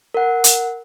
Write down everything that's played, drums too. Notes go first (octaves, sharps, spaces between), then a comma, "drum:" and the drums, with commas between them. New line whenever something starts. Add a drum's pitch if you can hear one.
A#4 F#5
drum: hi-hat